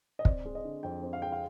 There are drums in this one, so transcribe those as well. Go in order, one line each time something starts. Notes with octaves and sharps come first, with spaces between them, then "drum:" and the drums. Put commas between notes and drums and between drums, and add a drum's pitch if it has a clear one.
D#5
C4 D5, drum: kick
G#3
D#5
D3
F2 G5
C4
F5
G#3 G5
F5